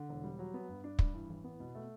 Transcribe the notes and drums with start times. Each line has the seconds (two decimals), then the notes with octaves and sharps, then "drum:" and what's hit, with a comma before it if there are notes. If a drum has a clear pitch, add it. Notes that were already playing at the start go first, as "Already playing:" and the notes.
Already playing: D3
0.09 E1
0.24 G3
0.39 F#3
0.54 B3
0.68 G2
0.84 D4
0.99 G2, drum: kick
1.14 E3
1.29 A1
1.44 B3
1.60 B2
1.75 A3